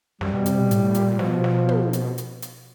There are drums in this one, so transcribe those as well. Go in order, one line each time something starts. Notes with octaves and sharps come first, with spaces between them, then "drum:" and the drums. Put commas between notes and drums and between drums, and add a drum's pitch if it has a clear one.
F#2 G3, drum: snare
B2
C3, drum: hi-hat
B2
A2, drum: hi-hat
A2
A#2, drum: hi-hat
A#2
B2 F3, drum: snare
drum: snare
drum: tom
drum: hi-hat
drum: hi-hat
drum: hi-hat